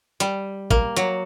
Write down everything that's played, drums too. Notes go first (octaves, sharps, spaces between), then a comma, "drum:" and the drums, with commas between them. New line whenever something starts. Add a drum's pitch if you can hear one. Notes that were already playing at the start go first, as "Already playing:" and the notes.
G3, drum: hi-hat
A#3, drum: kick
F#3, drum: hi-hat